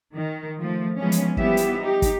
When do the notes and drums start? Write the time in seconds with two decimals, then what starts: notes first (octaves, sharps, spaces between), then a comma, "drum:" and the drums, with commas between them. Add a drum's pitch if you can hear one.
0.15 D#3
0.59 F3 A3
0.98 E3 F3 G#3 B3 C#4
1.12 drum: hi-hat
1.37 F3 G3 B3 E4 G4 E5, drum: kick
1.57 drum: hi-hat
1.80 D#4 G4
2.02 drum: kick, hi-hat